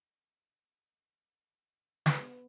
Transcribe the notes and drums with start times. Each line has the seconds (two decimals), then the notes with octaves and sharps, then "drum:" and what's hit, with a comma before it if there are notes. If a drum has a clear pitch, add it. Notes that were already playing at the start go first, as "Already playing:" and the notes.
2.06 B3, drum: snare